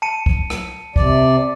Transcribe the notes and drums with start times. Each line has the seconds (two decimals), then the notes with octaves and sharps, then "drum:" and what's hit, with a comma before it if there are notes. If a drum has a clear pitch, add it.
0.02 A5 C#7 D#7
0.26 drum: kick
0.50 drum: rim click
0.96 C3 D5, drum: kick